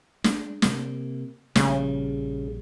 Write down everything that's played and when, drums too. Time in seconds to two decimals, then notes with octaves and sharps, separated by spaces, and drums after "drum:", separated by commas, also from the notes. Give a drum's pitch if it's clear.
0.24 G#3 D4, drum: snare
0.62 C3 A#3, drum: snare
1.56 A#1 C#3 G3, drum: snare